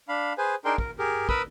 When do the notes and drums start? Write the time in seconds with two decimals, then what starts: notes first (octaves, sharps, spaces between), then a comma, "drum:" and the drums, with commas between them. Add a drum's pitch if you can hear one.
0.09 D4 F5 B5
0.38 G#4 B4 C5 G#5
0.65 D4 D#4 G#4 A#4 G5 C6
0.78 A#4, drum: kick
0.99 G4 G#4 A#4
1.29 A#4 B4 B5 D#6 E6, drum: kick